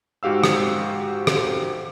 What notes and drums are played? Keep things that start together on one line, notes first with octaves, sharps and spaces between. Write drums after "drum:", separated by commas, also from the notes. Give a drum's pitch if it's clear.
G#2 F#4 G4 F5 E6
drum: rim click
drum: rim click